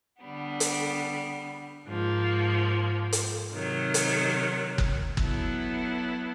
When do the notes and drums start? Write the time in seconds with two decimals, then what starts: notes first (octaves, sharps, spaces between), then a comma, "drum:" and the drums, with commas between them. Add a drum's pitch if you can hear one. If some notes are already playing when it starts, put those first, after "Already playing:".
0.21 D3 G3 B3
0.60 drum: hi-hat
1.87 G#2 F3 A#3
3.13 drum: hi-hat
3.51 C3 D#3 F#3
3.94 drum: hi-hat
4.78 drum: kick
5.17 F#3 B3 E4 A4, drum: kick